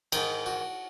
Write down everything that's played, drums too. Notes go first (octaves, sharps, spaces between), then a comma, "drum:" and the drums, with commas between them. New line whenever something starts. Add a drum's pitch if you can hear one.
G#2 D#3 D#4, drum: cymbal
F#4